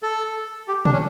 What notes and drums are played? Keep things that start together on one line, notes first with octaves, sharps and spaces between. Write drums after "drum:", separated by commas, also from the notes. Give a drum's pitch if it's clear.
A4
G4
D4, drum: tom B2
C#4